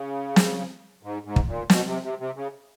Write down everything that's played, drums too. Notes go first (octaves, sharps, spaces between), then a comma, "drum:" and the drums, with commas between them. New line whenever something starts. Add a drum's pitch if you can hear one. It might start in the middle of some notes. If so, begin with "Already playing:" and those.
Already playing: C#3
drum: snare
G#2
G#2
drum: kick
A#2
B2, drum: snare
C3
C3
C3
C#3